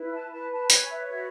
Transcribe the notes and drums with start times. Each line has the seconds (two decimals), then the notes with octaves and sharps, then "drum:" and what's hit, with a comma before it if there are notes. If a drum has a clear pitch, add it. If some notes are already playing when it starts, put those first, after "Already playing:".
Already playing: E4 B4
0.13 A5
0.32 B4 A5
0.52 A5
0.70 C#5 G#5, drum: hi-hat
0.89 E5
1.09 F#4 E5